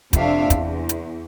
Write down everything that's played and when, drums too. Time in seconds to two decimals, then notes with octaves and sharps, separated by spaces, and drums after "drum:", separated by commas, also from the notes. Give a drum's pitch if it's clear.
0.13 F2 C3 D4 E5 F5, drum: kick, hi-hat
0.50 E2, drum: kick, hi-hat
0.89 drum: hi-hat